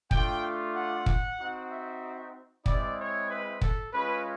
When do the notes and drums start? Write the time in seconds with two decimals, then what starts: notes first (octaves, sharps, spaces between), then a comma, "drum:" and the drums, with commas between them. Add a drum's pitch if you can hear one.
0.11 A3 D4 F4 G5, drum: kick
0.74 F#5
1.06 drum: kick
1.38 C4 D#4 F#4
1.70 E5
2.66 G#3 C4 E4 D5, drum: kick
2.98 C#5
3.29 B4
3.61 A4, drum: kick
3.93 G#3 C#4 F4 B4